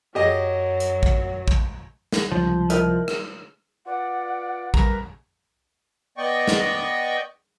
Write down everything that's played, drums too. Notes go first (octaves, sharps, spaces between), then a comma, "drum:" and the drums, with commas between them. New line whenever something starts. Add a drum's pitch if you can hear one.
F#2 F#3 G4 G#4 D#5
drum: hi-hat
drum: kick
drum: kick
drum: snare
C#2 C3 F3 G3
E4 A#4 D#5, drum: hi-hat
drum: rim click
F4 B4 D5 F#5
E3 G3 G4 A#4 B4, drum: kick
B3 D5 D#5 G5 C#6
drum: snare